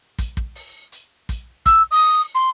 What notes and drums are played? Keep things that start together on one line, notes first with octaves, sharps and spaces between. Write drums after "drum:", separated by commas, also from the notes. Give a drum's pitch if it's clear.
drum: kick, hi-hat
drum: kick
drum: open hi-hat
drum: hi-hat
drum: kick, hi-hat
E6, drum: kick, hi-hat
D#6
drum: open hi-hat
C6